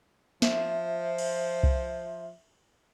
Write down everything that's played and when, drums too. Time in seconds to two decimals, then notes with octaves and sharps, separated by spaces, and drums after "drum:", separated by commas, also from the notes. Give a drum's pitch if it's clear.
0.42 F3 C5 E5, drum: snare
1.18 drum: cymbal
1.63 drum: kick C2